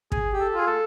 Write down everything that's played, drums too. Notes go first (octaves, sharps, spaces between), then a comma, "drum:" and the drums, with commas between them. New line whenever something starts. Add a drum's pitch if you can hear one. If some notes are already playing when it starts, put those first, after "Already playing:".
G#4, drum: kick
G4
A4
F4 G#4
A4